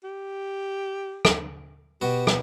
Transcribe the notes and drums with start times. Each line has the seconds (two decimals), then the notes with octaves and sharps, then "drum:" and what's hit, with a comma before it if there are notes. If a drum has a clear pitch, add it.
0.04 G4
1.25 drum: rim click
2.01 B2 F#4 G4
2.27 drum: rim click